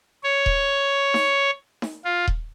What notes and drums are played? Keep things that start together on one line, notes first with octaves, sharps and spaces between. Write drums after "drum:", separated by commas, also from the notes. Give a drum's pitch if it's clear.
C#5
drum: kick D#1
drum: snare D#4
drum: snare D#4
F4
drum: kick D#1